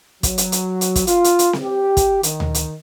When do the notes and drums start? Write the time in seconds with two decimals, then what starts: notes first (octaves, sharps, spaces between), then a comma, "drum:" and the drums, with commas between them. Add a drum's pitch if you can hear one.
0.23 F#3, drum: kick, hi-hat
0.38 drum: hi-hat
0.52 drum: hi-hat
0.81 drum: hi-hat
0.95 drum: kick, hi-hat
1.07 F4, drum: hi-hat
1.24 drum: hi-hat
1.39 drum: hi-hat
1.53 drum: snare C4
1.63 G4
1.97 drum: kick, hi-hat
2.23 D#3, drum: hi-hat
2.40 drum: tom D2
2.54 drum: hi-hat